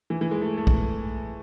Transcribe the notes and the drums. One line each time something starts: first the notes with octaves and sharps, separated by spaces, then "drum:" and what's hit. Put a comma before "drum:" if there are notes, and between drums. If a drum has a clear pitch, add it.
E3
E3
G#3
A3
A3
drum: kick B1